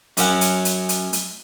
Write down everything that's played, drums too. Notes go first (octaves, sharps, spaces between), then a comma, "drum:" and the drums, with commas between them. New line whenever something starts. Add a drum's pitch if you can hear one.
F#2 C#4 F#5, drum: hi-hat
drum: hi-hat
drum: hi-hat
drum: hi-hat
drum: hi-hat